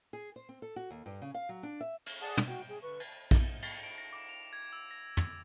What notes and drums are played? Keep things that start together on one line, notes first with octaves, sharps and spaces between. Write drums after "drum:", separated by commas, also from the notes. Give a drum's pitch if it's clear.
G#4
C5
C4
A4
F#4
D#2
G2
C#3
F5
F#3
D4
E5
drum: cymbal
G#4 D5 F#5 A5
drum: tom
F#4 G5
G#4
D3 B4 C#6
drum: cymbal
drum: kick A#1, cymbal
drum: cymbal
D7
A#6
D6
F7
G#6
E6
A#6
A6, drum: tom